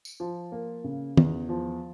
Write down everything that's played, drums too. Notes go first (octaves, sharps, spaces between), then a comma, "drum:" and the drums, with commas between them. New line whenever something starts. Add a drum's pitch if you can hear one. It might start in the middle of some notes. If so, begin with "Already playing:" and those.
drum: tambourine
F3
A#3
C#3
E2, drum: tom
F3